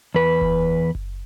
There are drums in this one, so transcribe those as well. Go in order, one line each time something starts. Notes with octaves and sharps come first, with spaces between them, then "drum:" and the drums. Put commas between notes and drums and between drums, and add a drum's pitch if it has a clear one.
E2 B4
drum: kick F#1
drum: kick F#1